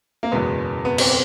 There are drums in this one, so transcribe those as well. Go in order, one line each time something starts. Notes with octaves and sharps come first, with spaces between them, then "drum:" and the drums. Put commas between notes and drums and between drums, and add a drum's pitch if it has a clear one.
A#3
F#1 E2 B2 G#3 B3
B3
C4, drum: cymbal